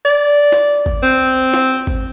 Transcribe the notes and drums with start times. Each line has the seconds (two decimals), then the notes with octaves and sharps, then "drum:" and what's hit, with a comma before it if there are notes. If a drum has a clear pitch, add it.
0.05 D5
0.52 drum: snare
0.86 drum: kick
1.03 C4
1.54 drum: snare
1.87 drum: kick